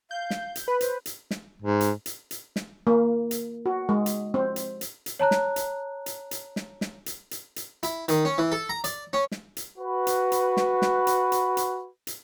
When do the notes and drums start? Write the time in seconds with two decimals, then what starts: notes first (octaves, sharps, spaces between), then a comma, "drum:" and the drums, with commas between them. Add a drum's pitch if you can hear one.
0.11 F5 G6
0.30 drum: snare
0.55 drum: hi-hat
0.68 B4 B5
0.81 C5, drum: hi-hat
1.06 drum: hi-hat
1.31 drum: snare
1.62 G#2
1.81 drum: hi-hat
2.06 drum: hi-hat
2.31 drum: hi-hat
2.56 drum: snare
2.87 A#3
3.31 drum: hi-hat
3.66 F#4
3.89 G#3
4.06 drum: hi-hat
4.34 C4
4.56 drum: hi-hat
4.81 drum: hi-hat
5.06 drum: hi-hat
5.19 C#5 A5 A#5 F#6
5.31 drum: snare
5.56 drum: hi-hat
6.06 drum: hi-hat
6.31 drum: hi-hat
6.56 drum: snare
6.81 drum: snare
7.06 drum: hi-hat
7.31 drum: hi-hat
7.56 drum: hi-hat
7.83 E4, drum: hi-hat
8.08 D#3, drum: hi-hat
8.25 C#4
8.38 E3
8.52 A4
8.69 A#5
8.84 D5, drum: hi-hat
9.13 C#4
9.32 drum: snare
9.57 drum: hi-hat
9.77 F#4 B4
10.07 drum: hi-hat
10.32 drum: hi-hat
10.57 drum: snare
10.82 drum: snare
11.07 drum: hi-hat
11.32 drum: hi-hat
11.57 drum: hi-hat
12.07 drum: hi-hat